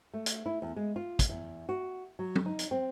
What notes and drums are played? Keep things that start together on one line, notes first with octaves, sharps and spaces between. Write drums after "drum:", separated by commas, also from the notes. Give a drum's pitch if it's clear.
A3
drum: hi-hat
E4
E2
G#3
F4
drum: kick, hi-hat
E2
F#4
F#3
drum: tom F#3
D#4
drum: hi-hat
C4